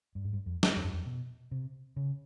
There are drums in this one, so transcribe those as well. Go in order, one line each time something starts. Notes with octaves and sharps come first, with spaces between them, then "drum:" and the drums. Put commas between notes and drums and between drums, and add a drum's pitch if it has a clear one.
G2
G#2
G2
F2
drum: snare
F2
F#2
F2
B2
C3
C#3